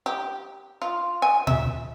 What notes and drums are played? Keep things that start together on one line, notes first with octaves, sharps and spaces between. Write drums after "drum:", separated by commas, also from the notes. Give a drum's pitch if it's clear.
G4
F4
G#5
E5, drum: tom A#2